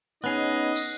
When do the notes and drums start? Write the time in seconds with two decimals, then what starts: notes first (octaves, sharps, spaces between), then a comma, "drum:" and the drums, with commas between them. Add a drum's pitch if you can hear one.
0.24 B3 C#4 D#4 G#4 D#5 F#6 C7
0.75 drum: tambourine